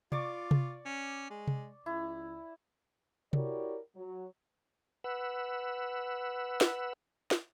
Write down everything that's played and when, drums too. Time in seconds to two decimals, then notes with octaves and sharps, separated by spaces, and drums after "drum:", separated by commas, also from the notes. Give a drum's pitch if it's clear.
0.12 F4 D5 C#6 D6, drum: tom C3
0.51 drum: tom C3
0.86 C#4
1.30 G#3
1.48 drum: tom C3
1.86 C#2 E4
3.33 E4 F#4 G4 A#4 C#5 D5, drum: tom C3
3.96 F#3
5.04 B4 F#5 E6
6.61 drum: snare
7.31 drum: snare